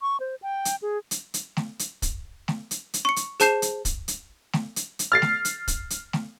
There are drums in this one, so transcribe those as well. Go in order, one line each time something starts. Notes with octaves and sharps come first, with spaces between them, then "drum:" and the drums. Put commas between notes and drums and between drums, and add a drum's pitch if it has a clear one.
C#6
C5
G5
drum: hi-hat
G#4
drum: hi-hat
drum: hi-hat
drum: snare
drum: hi-hat
drum: kick, hi-hat
drum: snare
drum: hi-hat
drum: hi-hat
C#6 C#7
drum: hi-hat
G#4 C5 A5 G6 C7 E7, drum: hi-hat
drum: hi-hat
drum: kick, hi-hat
drum: hi-hat
drum: snare
drum: hi-hat
drum: hi-hat
F6 A6 C7
drum: snare
drum: hi-hat
drum: kick, hi-hat
drum: hi-hat
drum: snare